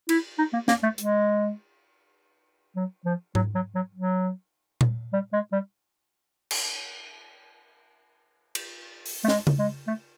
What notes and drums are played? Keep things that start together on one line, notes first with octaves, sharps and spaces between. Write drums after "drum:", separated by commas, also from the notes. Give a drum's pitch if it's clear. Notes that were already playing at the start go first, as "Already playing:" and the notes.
E4, drum: cymbal
D#4
A#3
A#3, drum: snare
A3
G#3, drum: hi-hat
F#3
F3
F#3, drum: tom G#2
F#3
F#3
F#3
drum: tom A#2
G3
G#3
G3
drum: cymbal
drum: cymbal
drum: open hi-hat
A3
G#3, drum: snare
drum: tom C#3
G#3
A3